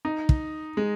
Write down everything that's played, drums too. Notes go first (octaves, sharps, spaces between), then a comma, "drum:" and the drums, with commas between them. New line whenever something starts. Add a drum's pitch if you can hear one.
D#4
drum: kick
G#3